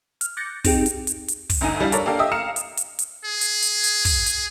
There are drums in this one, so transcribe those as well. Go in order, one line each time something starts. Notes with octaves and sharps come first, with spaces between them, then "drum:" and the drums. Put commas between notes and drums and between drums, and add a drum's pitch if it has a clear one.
F6, drum: hi-hat
D6 F#6 G6 A6 A#6 C#7
C4 D#4 G4 G#4 G5, drum: kick, open hi-hat
drum: hi-hat
drum: hi-hat
drum: hi-hat
drum: kick, open hi-hat
G1 D2 D#4 G#5
G3 D4 E4 F5
D4 A4 A#4 C#5 D5, drum: hi-hat
A#3 D4 G4 A4 A#4 F5
G4 D#5 E5 D#6
F5 A#5 F6 C#7 E7
drum: hi-hat
drum: hi-hat
drum: hi-hat
G#4
drum: hi-hat
drum: hi-hat
drum: hi-hat
drum: kick, open hi-hat
drum: hi-hat